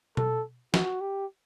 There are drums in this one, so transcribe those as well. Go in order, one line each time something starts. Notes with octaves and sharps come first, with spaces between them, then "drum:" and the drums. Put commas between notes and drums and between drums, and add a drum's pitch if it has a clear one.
A4, drum: tom B2
F#4, drum: snare
G4